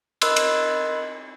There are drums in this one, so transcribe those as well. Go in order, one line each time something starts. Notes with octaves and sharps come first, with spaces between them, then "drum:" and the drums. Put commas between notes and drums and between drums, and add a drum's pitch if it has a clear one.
A#4 D#5 B5 C6 E6 F#6, drum: cymbal
drum: cymbal